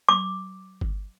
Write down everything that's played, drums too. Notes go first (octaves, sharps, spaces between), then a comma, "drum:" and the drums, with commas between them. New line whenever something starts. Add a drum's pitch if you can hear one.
D6
drum: kick G1